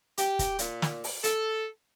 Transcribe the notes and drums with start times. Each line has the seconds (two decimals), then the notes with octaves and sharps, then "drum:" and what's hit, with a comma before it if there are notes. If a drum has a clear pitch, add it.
0.18 G4, drum: hi-hat
0.39 drum: kick, hi-hat
0.59 A#2, drum: hi-hat
0.82 drum: snare
1.04 drum: open hi-hat
1.24 A4, drum: hi-hat